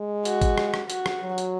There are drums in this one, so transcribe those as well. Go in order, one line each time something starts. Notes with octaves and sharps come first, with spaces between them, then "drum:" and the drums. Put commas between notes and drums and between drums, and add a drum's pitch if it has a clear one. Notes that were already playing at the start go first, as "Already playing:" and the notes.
Already playing: G#3
F#4, drum: hi-hat
drum: kick, hi-hat
drum: rim click
drum: rim click
F#4, drum: hi-hat
drum: rim click
F#3
drum: hi-hat